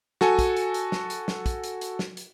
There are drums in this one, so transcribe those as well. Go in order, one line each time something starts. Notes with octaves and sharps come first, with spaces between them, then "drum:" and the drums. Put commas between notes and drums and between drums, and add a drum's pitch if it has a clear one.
F#4 A4 G#5, drum: snare
drum: kick, hi-hat
drum: hi-hat
drum: hi-hat
drum: snare
drum: hi-hat
drum: snare
drum: kick, hi-hat
drum: hi-hat
drum: hi-hat
drum: snare
drum: hi-hat